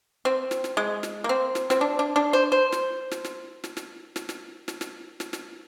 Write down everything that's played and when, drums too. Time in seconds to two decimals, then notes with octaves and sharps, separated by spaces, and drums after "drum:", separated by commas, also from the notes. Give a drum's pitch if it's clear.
0.25 C4
0.51 drum: snare
0.64 drum: snare
0.77 G#3
1.03 drum: snare
1.24 A#3
1.29 C4
1.55 drum: snare
1.70 C4, drum: snare
1.81 D4
1.99 D4
2.16 D4
2.33 C5
2.52 C5
2.72 drum: snare
3.11 drum: snare
3.24 drum: snare
3.64 drum: snare
3.77 drum: snare
4.16 drum: snare
4.29 drum: snare
4.68 drum: snare
4.81 drum: snare
5.20 drum: snare
5.33 drum: snare